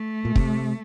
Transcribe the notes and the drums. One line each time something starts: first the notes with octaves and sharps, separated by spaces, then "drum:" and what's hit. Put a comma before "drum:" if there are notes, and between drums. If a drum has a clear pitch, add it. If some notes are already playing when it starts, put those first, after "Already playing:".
Already playing: A3
A#2
C3, drum: kick